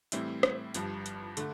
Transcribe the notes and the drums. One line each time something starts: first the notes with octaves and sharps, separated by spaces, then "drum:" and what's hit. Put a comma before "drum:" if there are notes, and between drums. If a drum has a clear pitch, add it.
A2 E3 G3 C4 E4, drum: hi-hat
drum: rim click
G1 G2 F3, drum: hi-hat
drum: hi-hat
D3 A3, drum: hi-hat